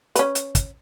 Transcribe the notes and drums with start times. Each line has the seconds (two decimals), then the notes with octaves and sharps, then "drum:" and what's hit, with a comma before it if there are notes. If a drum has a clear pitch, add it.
0.15 C#4 B4, drum: hi-hat
0.35 drum: hi-hat
0.55 drum: kick, hi-hat